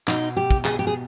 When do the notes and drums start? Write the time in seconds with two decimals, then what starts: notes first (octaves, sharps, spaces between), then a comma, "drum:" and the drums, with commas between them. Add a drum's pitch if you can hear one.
0.08 B2 D#4, drum: clap
0.37 G4
0.51 drum: kick
0.65 G#4, drum: clap
0.79 G4
0.87 G#4